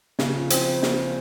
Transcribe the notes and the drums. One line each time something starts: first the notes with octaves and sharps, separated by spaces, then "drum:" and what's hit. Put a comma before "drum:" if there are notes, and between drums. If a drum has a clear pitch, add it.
C#3, drum: snare
F3
C4, drum: hi-hat
drum: snare